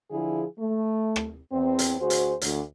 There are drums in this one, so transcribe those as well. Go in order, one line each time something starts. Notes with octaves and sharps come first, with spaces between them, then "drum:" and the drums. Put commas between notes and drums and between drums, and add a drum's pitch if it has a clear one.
D3 F3 E4 G#4
A3
drum: rim click
E2 C4
drum: hi-hat
D2 F#4 G#4 C5
drum: hi-hat
D2, drum: hi-hat